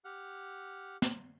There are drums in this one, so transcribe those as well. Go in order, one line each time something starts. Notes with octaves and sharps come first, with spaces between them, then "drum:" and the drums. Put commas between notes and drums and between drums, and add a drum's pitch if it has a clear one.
G4 F#5 F6
drum: snare